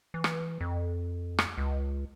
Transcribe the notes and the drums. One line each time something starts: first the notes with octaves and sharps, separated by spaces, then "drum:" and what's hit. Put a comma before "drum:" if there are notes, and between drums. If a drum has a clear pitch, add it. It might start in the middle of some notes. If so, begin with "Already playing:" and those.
E3
drum: rim click
F2
drum: rim click
C#2